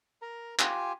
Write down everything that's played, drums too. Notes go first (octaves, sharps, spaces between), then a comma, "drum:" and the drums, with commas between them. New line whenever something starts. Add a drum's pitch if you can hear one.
A#4 A#5
F4 G4 G#5, drum: clap